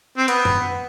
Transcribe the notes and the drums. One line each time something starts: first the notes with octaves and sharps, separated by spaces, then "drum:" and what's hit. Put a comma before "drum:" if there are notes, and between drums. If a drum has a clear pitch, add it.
C4
B3, drum: hi-hat
drum: tom F#2